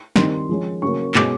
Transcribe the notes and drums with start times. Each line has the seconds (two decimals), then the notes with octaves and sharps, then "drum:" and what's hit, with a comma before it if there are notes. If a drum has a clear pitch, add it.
0.16 D#3 G3 C4 D#4 C6, drum: snare
0.49 F3 G#3 C#4
0.82 C#3 F#3 A#3 C#6
1.15 B2 G#3 C#4 D6, drum: clap